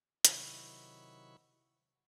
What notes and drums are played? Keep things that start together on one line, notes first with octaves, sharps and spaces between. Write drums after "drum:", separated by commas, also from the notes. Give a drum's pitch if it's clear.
C3 D#3 F#3 E4 B5 C#6, drum: hi-hat